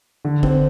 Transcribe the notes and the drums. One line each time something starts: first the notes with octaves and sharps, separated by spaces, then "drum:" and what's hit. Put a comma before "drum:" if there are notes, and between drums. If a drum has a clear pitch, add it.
D3
C4, drum: kick